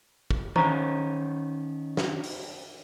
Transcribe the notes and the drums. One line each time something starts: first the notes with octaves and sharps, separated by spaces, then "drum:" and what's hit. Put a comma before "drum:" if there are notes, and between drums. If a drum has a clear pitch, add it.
drum: kick
D#3 C#4 C5 A#5 C#6, drum: tom E3
drum: snare
drum: open hi-hat